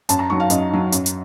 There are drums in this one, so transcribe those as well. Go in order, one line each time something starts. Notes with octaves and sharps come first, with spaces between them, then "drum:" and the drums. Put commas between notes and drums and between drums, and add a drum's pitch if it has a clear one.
F#2 A5, drum: hi-hat
A#5
D#3 F#3 C#6
F5
F#2 D#5, drum: hi-hat
D#3 F#3
F#2, drum: hi-hat
drum: hi-hat